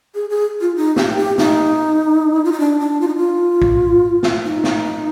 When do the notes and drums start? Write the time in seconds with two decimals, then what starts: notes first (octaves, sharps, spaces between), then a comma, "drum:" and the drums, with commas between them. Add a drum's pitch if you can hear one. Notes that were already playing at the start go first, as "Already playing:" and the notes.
0.15 G#4
0.30 G#4
0.61 F4
0.76 D#4
0.96 G4, drum: snare
1.18 G4
1.38 D#4, drum: snare
2.45 F4
2.52 D#4
2.60 D4
2.80 D4
3.01 F4
3.08 D#4
3.17 F4
3.62 drum: kick
4.23 drum: snare
4.43 D#4
4.64 drum: snare